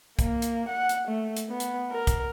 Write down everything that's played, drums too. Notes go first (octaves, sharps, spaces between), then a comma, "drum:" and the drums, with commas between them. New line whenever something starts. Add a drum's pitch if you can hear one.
A#3, drum: kick C2, hi-hat
drum: hi-hat
F#5
drum: hi-hat
A3
drum: hi-hat
B3
drum: hi-hat
A#4
drum: kick C2, hi-hat